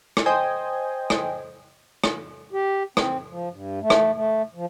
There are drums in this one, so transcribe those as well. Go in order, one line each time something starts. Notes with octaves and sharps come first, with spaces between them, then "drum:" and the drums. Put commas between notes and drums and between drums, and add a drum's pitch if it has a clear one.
drum: rim click
C5 D#5 G5 G#5
drum: rim click
drum: rim click
G4
C4, drum: rim click
F3
G2
A3
drum: rim click
A3
F3